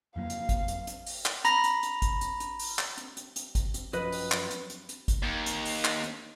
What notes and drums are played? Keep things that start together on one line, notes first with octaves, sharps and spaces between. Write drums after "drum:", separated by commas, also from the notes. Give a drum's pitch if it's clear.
F2 F#3 A#3 F5
drum: hi-hat
drum: kick G#1, hi-hat
drum: hi-hat
drum: hi-hat
drum: open hi-hat
drum: clap
A#5 B5 A#6, drum: hi-hat
drum: hi-hat
drum: hi-hat
drum: kick G#1, hi-hat
drum: hi-hat
drum: hi-hat
drum: open hi-hat
drum: clap
drum: hi-hat
drum: hi-hat
drum: hi-hat
drum: kick G#1, hi-hat
drum: hi-hat
F#2 F3 B4 D#5, drum: hi-hat
drum: open hi-hat
drum: clap
drum: hi-hat
drum: hi-hat
drum: hi-hat
drum: kick G#1, hi-hat
D#2
drum: hi-hat
drum: open hi-hat
drum: clap
drum: hi-hat